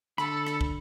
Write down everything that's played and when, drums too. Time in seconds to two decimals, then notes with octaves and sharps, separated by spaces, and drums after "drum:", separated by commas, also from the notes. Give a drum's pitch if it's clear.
0.18 D3 A4 B5, drum: rim click
0.47 drum: rim click
0.61 drum: kick